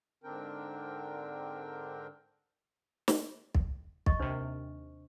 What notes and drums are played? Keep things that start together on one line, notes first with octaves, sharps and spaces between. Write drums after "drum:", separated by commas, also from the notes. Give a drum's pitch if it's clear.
G#2 D3 C4 D4 A#4 G5
drum: snare
drum: kick
D#5 C#6, drum: kick
D#2 C3 D4 C5